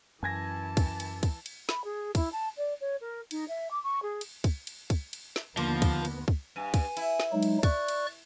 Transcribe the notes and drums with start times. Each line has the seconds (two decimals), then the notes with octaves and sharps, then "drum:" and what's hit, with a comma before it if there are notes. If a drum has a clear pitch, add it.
0.23 F#2 E3 G#5 A5 G#6 A#6
0.77 drum: kick, cymbal
1.00 drum: cymbal
1.23 drum: kick, cymbal
1.46 drum: cymbal
1.69 B5, drum: snare
1.84 G#4
2.15 E4, drum: kick, cymbal
2.32 A5
2.57 D5
2.80 C#5
3.01 A#4
3.31 D#4, drum: cymbal
3.48 E5
3.71 D6
3.83 C#6
4.02 G#4
4.21 drum: cymbal
4.44 drum: kick, cymbal
4.67 drum: cymbal
4.90 drum: kick, cymbal
5.13 drum: cymbal
5.36 drum: snare
5.57 D#2 D3 F3 A#3 B3 C6, drum: cymbal
5.82 drum: kick, cymbal
6.05 drum: cymbal
6.28 drum: kick
6.56 G2 G#5
6.74 drum: kick, cymbal
6.97 E4, drum: cymbal
7.20 drum: snare
7.32 F#3 G#3 D#4
7.43 drum: cymbal
7.63 D5 C#6 F#6, drum: kick, cymbal
7.88 drum: cymbal